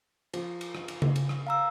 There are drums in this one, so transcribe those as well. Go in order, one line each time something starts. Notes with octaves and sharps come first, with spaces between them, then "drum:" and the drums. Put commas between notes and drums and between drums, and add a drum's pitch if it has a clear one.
F3, drum: cymbal
drum: cymbal
drum: rim click
drum: cymbal
drum: tom C#3
drum: cymbal
drum: rim click
F5 A#5 E6